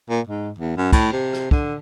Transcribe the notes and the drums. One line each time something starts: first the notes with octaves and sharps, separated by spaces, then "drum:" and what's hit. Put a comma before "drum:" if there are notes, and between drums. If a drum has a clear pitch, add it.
A#2
G#2
E2
F#2
A2, drum: kick, cymbal
C3
drum: rim click
D3, drum: kick